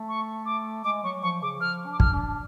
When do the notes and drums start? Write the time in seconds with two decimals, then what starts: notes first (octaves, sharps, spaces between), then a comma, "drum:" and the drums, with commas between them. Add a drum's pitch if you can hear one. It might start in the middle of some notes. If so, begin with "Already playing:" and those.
Already playing: A3
0.09 C#6
0.46 D6
0.84 G#3 D6
1.04 F#3 C#6
1.23 F3 C#6
1.42 C#3 D6
1.60 F3 F6
1.86 D4
1.93 D6
2.00 F6, drum: kick
2.12 D4